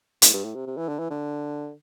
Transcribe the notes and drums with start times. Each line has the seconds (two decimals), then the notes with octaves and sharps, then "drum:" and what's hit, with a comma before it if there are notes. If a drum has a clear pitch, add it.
0.22 A2, drum: hi-hat
0.33 G2
0.44 A2
0.54 C3
0.66 C3
0.77 E3
0.88 D3
0.99 E3
1.10 D3